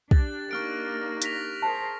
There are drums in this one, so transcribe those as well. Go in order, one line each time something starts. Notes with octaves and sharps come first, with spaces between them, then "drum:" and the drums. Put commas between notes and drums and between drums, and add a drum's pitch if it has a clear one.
D4 G4 F#6 A6, drum: kick
A#3 D4 D#4 C#6 F6 D7
A#6 B6 F7, drum: hi-hat
G#4 A#4 C5 A5